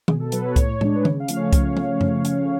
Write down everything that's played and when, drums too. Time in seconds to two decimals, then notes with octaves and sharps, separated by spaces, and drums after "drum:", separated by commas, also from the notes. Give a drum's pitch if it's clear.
0.08 B2 G#4, drum: tom D#3
0.20 A4
0.32 F#3 B3 B4, drum: hi-hat
0.45 C#5
0.56 A2 C#5, drum: kick C2, hi-hat
0.81 G#3 D4, drum: tom A2
0.96 B4
1.05 C#3 C#5, drum: tom D#3
1.20 F5
1.28 F3 A3 C#4, drum: hi-hat
1.36 C#5
1.53 drum: kick C2, hi-hat
1.77 drum: tom F3
2.01 drum: tom F#2
2.25 drum: hi-hat